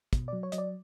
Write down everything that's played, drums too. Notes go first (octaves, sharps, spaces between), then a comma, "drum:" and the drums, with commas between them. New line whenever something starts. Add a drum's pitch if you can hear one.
B2, drum: kick, hi-hat
F#3 D5
C#5
F#3 D#5, drum: hi-hat
D5